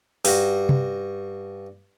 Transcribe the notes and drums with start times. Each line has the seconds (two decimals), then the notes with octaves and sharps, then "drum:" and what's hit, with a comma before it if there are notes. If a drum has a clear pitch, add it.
0.25 G2 F#4, drum: open hi-hat
0.69 drum: tom C3